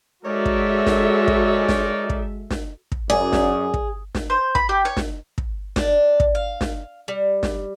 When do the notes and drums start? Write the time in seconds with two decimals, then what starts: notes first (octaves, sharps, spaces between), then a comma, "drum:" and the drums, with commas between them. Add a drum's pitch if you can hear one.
0.25 G#3 D#4 F#4 A4 A#4 C#5 D5 E5
0.45 drum: kick
0.86 drum: snare
1.27 drum: kick
1.69 drum: snare
2.10 drum: kick
2.51 drum: snare
2.92 drum: kick
3.10 F#2 G#4 D5 G#5
3.33 drum: snare
3.74 drum: kick
4.15 drum: snare
4.30 C5
4.55 B5, drum: kick
4.69 G4
4.85 C#5
4.97 drum: snare
5.38 drum: kick
5.76 D4, drum: snare
6.20 drum: kick
6.35 F5
6.61 drum: snare
7.08 G3
7.43 drum: snare